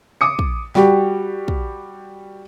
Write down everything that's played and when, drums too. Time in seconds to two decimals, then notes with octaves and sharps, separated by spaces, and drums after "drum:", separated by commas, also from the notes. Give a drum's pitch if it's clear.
0.21 D6 D#6 C#7
0.39 drum: kick
0.75 G3 F#4 G4, drum: snare
1.48 drum: kick